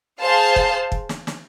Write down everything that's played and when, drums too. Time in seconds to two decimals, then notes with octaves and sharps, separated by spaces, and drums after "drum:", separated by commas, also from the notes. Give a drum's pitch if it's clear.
0.21 G#4 C5 F5 A5
0.56 drum: kick
0.92 drum: kick
1.09 drum: snare
1.27 drum: snare